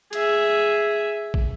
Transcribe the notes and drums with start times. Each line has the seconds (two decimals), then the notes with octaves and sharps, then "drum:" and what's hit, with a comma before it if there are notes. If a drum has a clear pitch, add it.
0.13 G#4 E5, drum: hi-hat
1.34 drum: kick